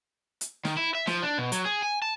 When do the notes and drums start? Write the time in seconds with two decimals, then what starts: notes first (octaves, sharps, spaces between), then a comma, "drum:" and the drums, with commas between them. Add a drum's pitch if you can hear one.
0.41 drum: hi-hat
0.65 D#3, drum: snare
0.77 E4
0.95 E5
1.07 F3, drum: snare
1.22 D4
1.38 B2
1.52 F#3, drum: hi-hat
1.65 G#4
1.83 G#5
2.02 A5